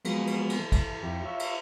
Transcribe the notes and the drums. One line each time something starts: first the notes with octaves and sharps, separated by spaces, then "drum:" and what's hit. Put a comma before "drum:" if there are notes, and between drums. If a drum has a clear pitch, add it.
F3 F#3 G#3 A#3 B3, drum: cymbal
drum: cymbal
drum: cymbal
E3 A4
drum: kick, cymbal
F2 E4 G4
F4 C#5 E5
drum: cymbal